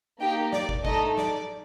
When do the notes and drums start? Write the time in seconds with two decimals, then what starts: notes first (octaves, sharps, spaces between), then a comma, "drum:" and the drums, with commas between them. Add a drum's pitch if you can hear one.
0.20 A#3 D#4 G4 G5
0.53 D5, drum: snare
0.69 drum: kick
0.85 A3 D#4 A4 D#5, drum: kick
1.17 D5, drum: snare